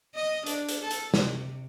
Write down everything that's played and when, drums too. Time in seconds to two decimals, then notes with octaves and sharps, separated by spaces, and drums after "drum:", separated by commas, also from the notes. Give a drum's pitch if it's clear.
0.15 D#5
0.46 D4, drum: hi-hat
0.69 drum: hi-hat
0.81 A4
0.91 drum: hi-hat
1.14 C3, drum: snare